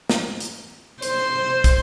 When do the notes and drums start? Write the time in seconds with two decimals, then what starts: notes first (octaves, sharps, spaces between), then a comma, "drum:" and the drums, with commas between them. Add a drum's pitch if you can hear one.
0.10 drum: snare
0.40 drum: hi-hat
1.02 C5, drum: hi-hat
1.64 drum: kick, hi-hat